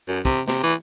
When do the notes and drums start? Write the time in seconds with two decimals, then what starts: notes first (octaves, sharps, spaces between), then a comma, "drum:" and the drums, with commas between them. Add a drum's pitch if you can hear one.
0.08 F#2
0.25 C3, drum: kick
0.48 C3, drum: snare
0.64 E3